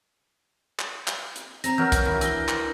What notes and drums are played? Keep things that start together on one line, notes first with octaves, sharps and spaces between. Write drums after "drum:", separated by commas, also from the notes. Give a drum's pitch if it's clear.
drum: clap
drum: clap
drum: hi-hat
C4 A#5 A#6, drum: hi-hat
E3 F#3 A#4 E5 F6 G6
drum: kick, hi-hat
D#3 E3
D4 E6 A#6 G7, drum: hi-hat
drum: clap